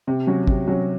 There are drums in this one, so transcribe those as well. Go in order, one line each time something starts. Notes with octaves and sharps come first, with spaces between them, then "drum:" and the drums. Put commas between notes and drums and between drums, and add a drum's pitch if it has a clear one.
C3
F#3 C#4 F#4
C3, drum: kick
F#3 C#4 F#4